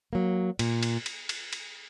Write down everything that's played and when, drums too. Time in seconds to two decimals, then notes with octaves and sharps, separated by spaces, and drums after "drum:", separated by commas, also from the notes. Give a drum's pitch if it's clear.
0.13 F#3 A#3
0.59 A#2, drum: cymbal
0.83 drum: cymbal
1.06 drum: cymbal
1.29 drum: cymbal
1.53 drum: cymbal